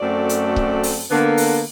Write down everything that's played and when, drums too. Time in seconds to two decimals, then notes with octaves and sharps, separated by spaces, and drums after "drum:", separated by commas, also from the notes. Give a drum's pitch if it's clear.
0.01 F#2 A3 C4 F#4 A4 D5
0.29 drum: hi-hat
0.56 drum: kick C#1
0.83 drum: open hi-hat
1.10 D3 A#3 B3
1.37 drum: open hi-hat